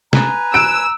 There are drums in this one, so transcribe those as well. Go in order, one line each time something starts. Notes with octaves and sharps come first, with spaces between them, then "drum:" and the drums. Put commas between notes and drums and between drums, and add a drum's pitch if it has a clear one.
B4 G#5 A#5, drum: snare
E6 F#6 D7